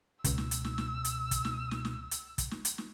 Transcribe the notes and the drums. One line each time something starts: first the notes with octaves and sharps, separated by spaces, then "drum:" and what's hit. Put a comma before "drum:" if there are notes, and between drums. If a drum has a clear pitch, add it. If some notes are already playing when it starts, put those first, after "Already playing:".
C#2 B2 E6, drum: kick, hi-hat
drum: snare
drum: hi-hat
drum: snare
drum: snare
drum: hi-hat
drum: kick, hi-hat
drum: snare
drum: snare
drum: snare
drum: hi-hat
drum: kick, hi-hat
drum: snare
drum: hi-hat
drum: snare